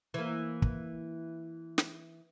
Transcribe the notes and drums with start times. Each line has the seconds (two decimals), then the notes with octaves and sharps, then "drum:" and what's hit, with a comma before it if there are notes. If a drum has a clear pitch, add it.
0.14 E3 A#3
0.62 drum: kick
1.78 drum: snare